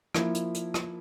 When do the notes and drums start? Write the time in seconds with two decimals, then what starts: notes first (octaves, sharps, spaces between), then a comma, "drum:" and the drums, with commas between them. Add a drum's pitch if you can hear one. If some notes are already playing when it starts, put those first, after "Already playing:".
0.15 F3 A#3 E4, drum: rim click
0.34 drum: hi-hat
0.54 drum: hi-hat
0.74 drum: rim click